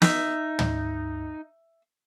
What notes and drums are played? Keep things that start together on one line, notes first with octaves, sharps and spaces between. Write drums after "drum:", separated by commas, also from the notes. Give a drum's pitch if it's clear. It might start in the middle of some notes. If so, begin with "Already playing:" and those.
D#4 E5, drum: snare
drum: tom